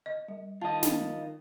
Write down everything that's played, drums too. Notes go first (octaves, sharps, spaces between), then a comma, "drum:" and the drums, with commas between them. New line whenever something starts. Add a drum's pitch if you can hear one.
D#5
G3
D#3 F4 D#5 A5
drum: snare